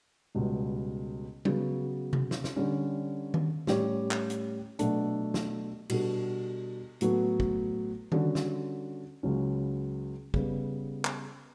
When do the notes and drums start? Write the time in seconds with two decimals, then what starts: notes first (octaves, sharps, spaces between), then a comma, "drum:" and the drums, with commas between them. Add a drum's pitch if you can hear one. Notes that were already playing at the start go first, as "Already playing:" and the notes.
0.35 C#2 B2 G3
1.45 C#3 F#3 B3 F#4, drum: tom G3
2.13 drum: tom C3
2.31 drum: snare
2.44 drum: snare
2.56 D3 G3 C#4
3.34 drum: tom D#3
3.67 A2 G3 C#4 G4 C#5, drum: snare
4.11 drum: clap
4.30 drum: hi-hat
4.79 B2 F#3 A3 D4, drum: hi-hat
5.34 drum: snare
5.89 B2 G3 D4 F#4 A4, drum: cymbal
7.01 A2 F#3 B3 F#4 A4, drum: hi-hat
7.40 drum: kick
8.12 D3 G3 C#4 F#4 A4, drum: tom D#3
8.35 drum: snare
9.23 C#2 C#3 F#3 C#4
10.34 C#3 G3 B3, drum: kick
11.05 drum: clap